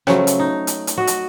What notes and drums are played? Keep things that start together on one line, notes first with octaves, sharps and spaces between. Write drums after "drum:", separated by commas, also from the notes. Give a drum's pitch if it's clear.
C#3 F3 F#3 A3, drum: rim click
drum: hi-hat
D#4
drum: hi-hat
drum: hi-hat
F#4 D#5
drum: hi-hat